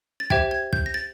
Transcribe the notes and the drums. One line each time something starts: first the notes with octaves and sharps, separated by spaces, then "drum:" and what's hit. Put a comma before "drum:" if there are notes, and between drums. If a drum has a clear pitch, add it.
A6
G4 C5 E5 G5 G#6, drum: kick
G#6
G6, drum: kick
A#6
A6